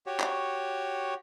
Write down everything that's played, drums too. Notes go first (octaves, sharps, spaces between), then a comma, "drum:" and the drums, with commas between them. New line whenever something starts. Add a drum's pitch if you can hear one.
F#4 G4 C#5
drum: clap